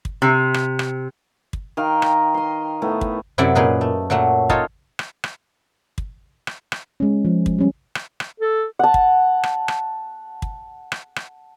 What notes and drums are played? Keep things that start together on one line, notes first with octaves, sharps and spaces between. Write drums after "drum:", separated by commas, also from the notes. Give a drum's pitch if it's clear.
drum: kick
C3
drum: rim click
drum: rim click
drum: kick
D#3 F5 G5
A#5, drum: rim click
D#5 C6
A2 A3 B3
drum: kick
F#2 C3 F#3 E4 D5
A#2 D#4 G#4 B4
A3
A#2 F#3 A3 F#4
D#4 F4 A4 C#5 D#5, drum: kick
drum: rim click
drum: rim click
drum: kick
drum: rim click
drum: rim click
G#3 C#4
F3
drum: kick
G3 C#4
drum: rim click
drum: rim click
A4
F#5 A5
drum: kick
drum: rim click
drum: rim click
drum: kick
drum: rim click
drum: rim click